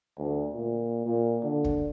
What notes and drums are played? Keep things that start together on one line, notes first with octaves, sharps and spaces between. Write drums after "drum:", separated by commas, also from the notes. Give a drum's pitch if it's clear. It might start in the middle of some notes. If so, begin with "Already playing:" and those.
D2
A#2
A#2
D3
drum: kick